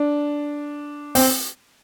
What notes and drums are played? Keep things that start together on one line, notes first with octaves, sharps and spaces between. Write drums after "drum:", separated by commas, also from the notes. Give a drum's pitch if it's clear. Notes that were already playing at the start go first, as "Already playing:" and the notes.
Already playing: D4
C4, drum: open hi-hat